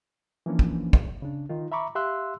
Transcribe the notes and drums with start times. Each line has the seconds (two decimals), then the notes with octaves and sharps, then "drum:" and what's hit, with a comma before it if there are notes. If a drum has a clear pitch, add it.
0.46 E3 F3 A#3 C#4 D4
0.59 drum: kick
0.93 drum: kick
1.22 C#3 D4
1.50 D#3 D#4 F4
1.72 E5 A#5 B5 C#6 D6
1.95 G4 E5 F5 C6 E6 F#6